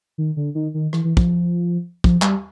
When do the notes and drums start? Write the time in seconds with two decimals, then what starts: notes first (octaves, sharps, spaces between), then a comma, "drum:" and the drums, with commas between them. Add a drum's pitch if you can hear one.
0.18 D#3
0.37 D3
0.55 D#3
0.74 D#3
0.93 E3, drum: rim click
1.04 E3
1.17 F3, drum: kick
2.04 F3, drum: kick
2.22 G3, drum: clap